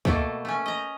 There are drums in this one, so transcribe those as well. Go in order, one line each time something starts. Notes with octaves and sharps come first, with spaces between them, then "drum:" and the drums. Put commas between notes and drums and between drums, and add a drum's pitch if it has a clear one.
B2 A3 A#3 A4, drum: kick C#2
A3 C#4
D#5 A#5